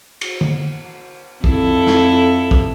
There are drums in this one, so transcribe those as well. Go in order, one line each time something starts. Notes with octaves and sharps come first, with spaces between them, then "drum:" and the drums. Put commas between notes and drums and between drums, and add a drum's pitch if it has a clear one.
drum: cymbal
drum: tom D3
F2 E4 A4, drum: kick
drum: snare
drum: kick